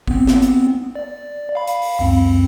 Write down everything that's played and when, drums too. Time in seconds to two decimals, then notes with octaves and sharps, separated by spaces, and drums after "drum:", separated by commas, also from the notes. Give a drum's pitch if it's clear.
0.07 B3 C4, drum: kick G1
0.27 drum: snare
0.42 drum: hi-hat
0.96 D5
1.55 F5 B5
1.67 drum: hi-hat
1.82 drum: open hi-hat
1.99 C#2 F#2 C4